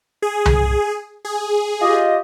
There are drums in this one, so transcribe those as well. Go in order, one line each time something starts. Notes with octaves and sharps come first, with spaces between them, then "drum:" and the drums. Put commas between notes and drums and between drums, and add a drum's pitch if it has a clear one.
G#4
drum: tom C2
G#4
F4 G4 D#5